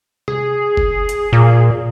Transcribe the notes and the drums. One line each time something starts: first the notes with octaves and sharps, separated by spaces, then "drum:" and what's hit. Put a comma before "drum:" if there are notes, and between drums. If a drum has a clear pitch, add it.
G#4, drum: tom C3
drum: kick F#1
drum: hi-hat
A#2